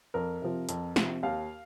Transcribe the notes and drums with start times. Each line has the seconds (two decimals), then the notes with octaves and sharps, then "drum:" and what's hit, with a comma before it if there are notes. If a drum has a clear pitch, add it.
0.14 F2 A#4
0.42 C3 F3
0.69 F2, drum: hi-hat
0.96 C3 F3, drum: snare
1.23 D#2 F5